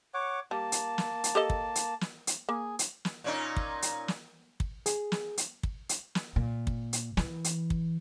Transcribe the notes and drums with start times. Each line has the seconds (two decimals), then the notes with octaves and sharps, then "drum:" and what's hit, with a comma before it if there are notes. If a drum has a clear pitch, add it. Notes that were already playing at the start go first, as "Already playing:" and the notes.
0.14 C#5 F#5 D6
0.51 G3 A#3 A5
0.72 drum: hi-hat
0.98 drum: snare
1.24 drum: hi-hat
1.35 G4 A4 D#5
1.50 drum: kick
1.75 drum: hi-hat
2.01 drum: snare
2.27 drum: hi-hat
2.49 A#3 G#4
2.79 drum: hi-hat
3.05 drum: snare
3.24 A#2 C#4 D#4
3.57 drum: kick
3.82 drum: hi-hat
4.08 drum: snare
4.60 drum: kick
4.86 G#4, drum: hi-hat
5.12 drum: snare
5.38 drum: hi-hat
5.63 drum: kick
5.89 drum: hi-hat
6.15 drum: snare
6.36 A#2
6.67 drum: kick
6.93 drum: hi-hat
7.17 E3, drum: snare
7.44 drum: hi-hat
7.70 drum: kick